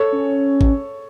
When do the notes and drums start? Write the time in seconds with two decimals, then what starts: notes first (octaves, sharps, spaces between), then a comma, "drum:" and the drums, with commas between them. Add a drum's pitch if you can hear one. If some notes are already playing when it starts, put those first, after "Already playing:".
Already playing: A4 C#5
0.12 C#4
0.61 drum: kick G#1